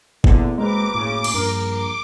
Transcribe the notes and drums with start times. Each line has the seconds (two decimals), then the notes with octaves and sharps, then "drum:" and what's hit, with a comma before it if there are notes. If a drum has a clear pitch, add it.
0.24 E2 A#2 D3, drum: kick G1
0.58 F#1 G#3 C4 A#4 B4 D6
0.95 A2 C#3
1.24 drum: cymbal
1.34 A#1 G2 A#4
1.70 D6